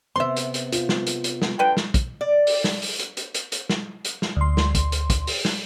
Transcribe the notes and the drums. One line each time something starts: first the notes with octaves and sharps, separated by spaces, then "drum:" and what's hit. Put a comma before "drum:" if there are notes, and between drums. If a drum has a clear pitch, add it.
C3 B3 C4 E5 C6
drum: hi-hat
drum: hi-hat
F4, drum: hi-hat
drum: snare
drum: hi-hat
drum: hi-hat
drum: snare
D3 B4 G5
drum: snare
drum: kick, hi-hat
D5
drum: open hi-hat
drum: snare
drum: open hi-hat
drum: hi-hat
drum: hi-hat
drum: hi-hat
drum: hi-hat
drum: snare
drum: hi-hat
drum: snare
D2 C6
drum: snare
drum: kick, hi-hat
drum: hi-hat
drum: kick, hi-hat
drum: open hi-hat
drum: snare